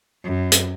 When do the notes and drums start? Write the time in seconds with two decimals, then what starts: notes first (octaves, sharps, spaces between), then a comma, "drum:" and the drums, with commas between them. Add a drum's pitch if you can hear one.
0.24 F#2
0.52 drum: hi-hat